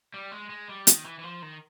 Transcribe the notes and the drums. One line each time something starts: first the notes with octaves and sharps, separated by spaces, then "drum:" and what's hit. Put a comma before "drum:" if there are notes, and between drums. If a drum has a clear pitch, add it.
G3
G#3
G#3
G3
D#3, drum: hi-hat
E3
E3
F3
D#3